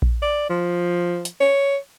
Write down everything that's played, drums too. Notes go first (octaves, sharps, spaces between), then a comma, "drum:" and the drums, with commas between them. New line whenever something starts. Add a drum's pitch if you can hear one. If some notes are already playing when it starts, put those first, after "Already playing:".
drum: kick A#1
D5
F3
drum: hi-hat
C#5